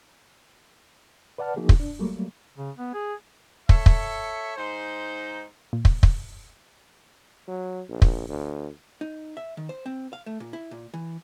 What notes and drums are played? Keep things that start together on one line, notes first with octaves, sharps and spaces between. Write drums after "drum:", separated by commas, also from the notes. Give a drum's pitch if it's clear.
B4 D5 F#5 A5 F6
F3 A#3 D#4 F#4 G#4
drum: kick
D4
F#3 G3 A3 A#3
C#3
B3
G#4
A4 C#5 E5, drum: kick
drum: kick
G#2 D#4 C5
A#2
drum: kick
drum: kick
F#3
A#1
drum: kick
D2
D#4
E5
D#3
C5
C4
F5
A3
A#2
E4
A#2
E3